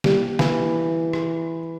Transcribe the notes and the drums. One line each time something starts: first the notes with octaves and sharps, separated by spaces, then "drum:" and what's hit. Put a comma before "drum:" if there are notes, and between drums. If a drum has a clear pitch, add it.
G3, drum: snare
E3, drum: snare
drum: rim click